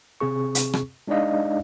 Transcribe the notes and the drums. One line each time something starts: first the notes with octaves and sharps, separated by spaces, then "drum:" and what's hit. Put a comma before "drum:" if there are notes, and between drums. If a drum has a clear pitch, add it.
C3 C4 G#4 C#6
drum: hi-hat
drum: rim click
G#3 D4 D#4 D5 D#5 F5